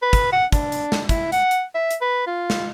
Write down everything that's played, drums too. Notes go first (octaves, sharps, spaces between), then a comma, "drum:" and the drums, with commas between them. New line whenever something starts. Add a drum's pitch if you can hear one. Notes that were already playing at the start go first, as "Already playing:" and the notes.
B4
drum: kick, hi-hat
F#5
D4, drum: kick, hi-hat
drum: hi-hat
drum: snare
E4, drum: kick, hi-hat
F#5, drum: hi-hat
drum: hi-hat
E5
drum: hi-hat
B4
F4
drum: snare